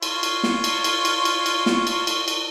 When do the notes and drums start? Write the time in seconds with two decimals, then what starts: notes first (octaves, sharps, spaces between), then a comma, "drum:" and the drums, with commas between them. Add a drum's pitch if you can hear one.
0.03 F4 C#5, drum: cymbal
0.23 drum: cymbal
0.43 drum: snare
0.64 drum: cymbal
0.84 drum: cymbal
1.05 drum: cymbal
1.25 drum: cymbal
1.46 drum: cymbal
1.66 drum: snare
1.87 drum: cymbal
2.07 drum: cymbal
2.28 drum: cymbal